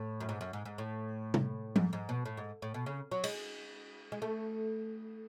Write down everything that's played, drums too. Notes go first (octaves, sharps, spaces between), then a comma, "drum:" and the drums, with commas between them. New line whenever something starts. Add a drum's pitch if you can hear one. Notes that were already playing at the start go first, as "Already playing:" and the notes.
Already playing: A2
F#2
G#2
F#2
G#2
G#2
A2
drum: tom
G#2, drum: tom F3
G#2
B2
A2
G#2
A2
B2
C#3
F#3
G#3, drum: cymbal
G#3
A3